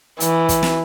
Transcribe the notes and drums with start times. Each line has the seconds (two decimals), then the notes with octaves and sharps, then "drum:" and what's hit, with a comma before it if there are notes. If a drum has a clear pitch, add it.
0.20 E3, drum: hi-hat
0.49 drum: kick, hi-hat
0.63 drum: snare